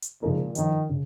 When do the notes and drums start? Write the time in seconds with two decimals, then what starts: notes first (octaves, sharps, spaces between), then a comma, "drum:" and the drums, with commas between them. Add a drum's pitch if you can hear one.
0.02 drum: hi-hat
0.22 A#2 C#3 F3 G#3 D#4 A#4
0.55 D#3 F3 C#4 F4, drum: hi-hat
0.89 C#3